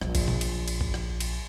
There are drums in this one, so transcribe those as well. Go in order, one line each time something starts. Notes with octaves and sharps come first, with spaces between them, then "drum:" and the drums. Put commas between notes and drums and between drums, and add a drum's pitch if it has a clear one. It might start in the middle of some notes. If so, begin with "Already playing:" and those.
A#1, drum: rim click
drum: kick, cymbal
drum: tom A#2
drum: cymbal
drum: cymbal
drum: kick
drum: rim click
drum: cymbal